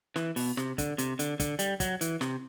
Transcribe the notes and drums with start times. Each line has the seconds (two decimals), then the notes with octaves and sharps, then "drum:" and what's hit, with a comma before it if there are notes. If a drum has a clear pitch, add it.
0.16 E3, drum: snare
0.36 B2, drum: open hi-hat
0.57 C3, drum: snare
0.78 D3, drum: kick, hi-hat
0.98 C3, drum: hi-hat
1.19 D3, drum: hi-hat
1.40 D3, drum: kick, hi-hat
1.59 G3, drum: hi-hat
1.80 F#3, drum: kick, hi-hat
2.01 E3, drum: hi-hat
2.21 C3, drum: snare